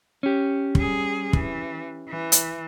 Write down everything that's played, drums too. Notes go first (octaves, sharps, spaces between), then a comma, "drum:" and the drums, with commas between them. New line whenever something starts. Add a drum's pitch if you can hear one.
C#4 G4
G3 G#4, drum: kick
E3, drum: kick
E3
drum: hi-hat